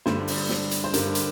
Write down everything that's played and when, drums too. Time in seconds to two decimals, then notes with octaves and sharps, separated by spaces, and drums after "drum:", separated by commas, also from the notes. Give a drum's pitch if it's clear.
0.06 G2 D3 G3 C5, drum: snare
0.28 drum: open hi-hat
0.49 drum: snare
0.71 drum: hi-hat
0.84 C5
0.93 G2 D3 G3 A#4, drum: hi-hat
1.15 drum: hi-hat